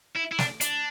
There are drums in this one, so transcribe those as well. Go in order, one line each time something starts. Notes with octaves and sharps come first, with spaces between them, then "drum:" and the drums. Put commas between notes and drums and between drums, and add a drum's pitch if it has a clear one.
E4
E4
D4, drum: snare
D4, drum: hi-hat